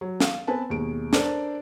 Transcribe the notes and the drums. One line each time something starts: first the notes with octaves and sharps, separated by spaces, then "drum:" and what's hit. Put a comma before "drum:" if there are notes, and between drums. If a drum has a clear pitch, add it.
F#3
F5, drum: snare
B3 C4 B4 G#5 A5
D#2 B2 G#3 D7
D4 A4 A#4 C5 D5, drum: snare